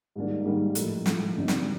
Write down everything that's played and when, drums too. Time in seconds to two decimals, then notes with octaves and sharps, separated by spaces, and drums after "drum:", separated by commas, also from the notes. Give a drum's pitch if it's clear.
0.16 G#2 D#3 G3 A#3 D4
0.45 G#2 D#3 G3 A#3 D4
0.75 A2 F3 A3, drum: hi-hat
1.06 A2 F3 A3, drum: snare
1.35 G#1 G2 D3
1.48 drum: snare